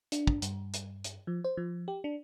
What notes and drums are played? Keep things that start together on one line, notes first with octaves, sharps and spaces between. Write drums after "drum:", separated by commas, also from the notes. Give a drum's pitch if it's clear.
D4, drum: hi-hat
drum: kick
G2, drum: hi-hat
drum: hi-hat
drum: hi-hat
F3
C5
F3
G4
D4